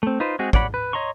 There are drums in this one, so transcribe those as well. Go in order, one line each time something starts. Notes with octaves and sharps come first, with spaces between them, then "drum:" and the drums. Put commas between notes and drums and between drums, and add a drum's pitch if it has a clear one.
A3 C4
D#4 F4 B4 C5
G#3 C4 F#4 G#4
C#5 D5 F#5 B5, drum: kick
B4
C#5 D#5 A#5 C6 C#6